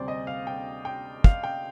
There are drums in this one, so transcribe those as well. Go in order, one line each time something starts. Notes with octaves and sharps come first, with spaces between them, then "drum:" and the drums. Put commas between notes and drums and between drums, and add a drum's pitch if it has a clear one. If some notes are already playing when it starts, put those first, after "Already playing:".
Already playing: D2 C3 G3 C5 D5
D#5
F5
G5
G5
F5, drum: kick
G5